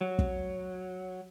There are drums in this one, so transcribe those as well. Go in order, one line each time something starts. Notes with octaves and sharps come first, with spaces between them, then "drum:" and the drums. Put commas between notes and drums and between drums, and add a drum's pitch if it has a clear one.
F#3
drum: kick